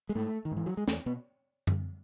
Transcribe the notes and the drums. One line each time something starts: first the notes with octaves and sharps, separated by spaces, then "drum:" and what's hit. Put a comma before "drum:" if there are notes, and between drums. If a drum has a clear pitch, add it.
G#3
G#2 A3
D#3
G#2
E3
F#3
G#3
E2 A3, drum: snare
B2 B3
drum: tom F#2